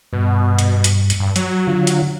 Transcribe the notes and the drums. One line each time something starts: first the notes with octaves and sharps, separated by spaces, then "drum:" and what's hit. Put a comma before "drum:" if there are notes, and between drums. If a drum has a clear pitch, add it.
G2 B2
drum: hi-hat
drum: hi-hat
drum: hi-hat
G2
F#3, drum: hi-hat
D3 F4
drum: hi-hat